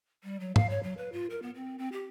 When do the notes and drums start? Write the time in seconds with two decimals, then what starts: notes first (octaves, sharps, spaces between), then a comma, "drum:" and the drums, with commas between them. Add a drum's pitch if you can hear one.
0.24 G3
0.40 F#3
0.56 F5, drum: tom G#2
0.70 C#5
0.83 F#3
0.98 B4
1.13 F4
1.30 A#4
1.42 B3
1.55 C4
1.79 C4
1.92 G4